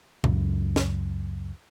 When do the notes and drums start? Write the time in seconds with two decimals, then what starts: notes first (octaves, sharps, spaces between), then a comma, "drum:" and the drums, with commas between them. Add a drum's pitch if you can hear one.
0.24 C#2 F#2, drum: tom A#2
0.76 drum: snare